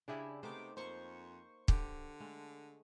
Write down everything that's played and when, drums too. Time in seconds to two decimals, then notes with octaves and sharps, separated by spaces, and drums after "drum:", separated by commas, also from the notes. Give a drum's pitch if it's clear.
0.08 C#3 D4 E4 G4 G#4
0.43 C3 A3 B3 D#4 C5 D6
0.77 F2 A#3 C5 C#6
1.68 D3 G4, drum: kick
2.20 G#3 A3 F5